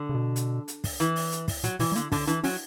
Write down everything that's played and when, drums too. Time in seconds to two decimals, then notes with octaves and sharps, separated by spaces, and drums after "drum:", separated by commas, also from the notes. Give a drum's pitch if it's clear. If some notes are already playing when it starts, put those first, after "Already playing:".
Already playing: D3
0.09 C#3
0.14 B2
0.36 drum: hi-hat
0.68 drum: hi-hat
0.84 drum: kick, open hi-hat
1.00 E3, drum: hi-hat
1.16 drum: open hi-hat
1.32 drum: hi-hat
1.48 drum: kick, open hi-hat
1.64 A#2 F#3, drum: hi-hat
1.79 B2 E3, drum: open hi-hat
1.92 G3
1.96 D3 A#3, drum: hi-hat
2.12 D3 D4, drum: kick, open hi-hat
2.27 E3 D4, drum: hi-hat
2.44 F#3 C#4, drum: open hi-hat